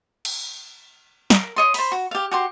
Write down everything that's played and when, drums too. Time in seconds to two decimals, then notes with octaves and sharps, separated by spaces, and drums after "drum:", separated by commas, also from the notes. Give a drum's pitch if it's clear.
0.25 drum: cymbal
1.30 A#4, drum: snare
1.56 C#5 D#5 C6
1.74 C5 B5, drum: open hi-hat
1.92 F#4
2.11 G4 F5
2.31 F#4 G4 C6